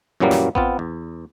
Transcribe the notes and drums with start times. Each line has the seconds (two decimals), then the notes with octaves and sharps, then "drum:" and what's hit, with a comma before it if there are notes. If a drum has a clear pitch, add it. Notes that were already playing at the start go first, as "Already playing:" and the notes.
0.20 F#2 A#2 E3 F#3 G3 A#3
0.31 drum: snare
0.55 B3 C4 F4, drum: kick A1
0.79 E2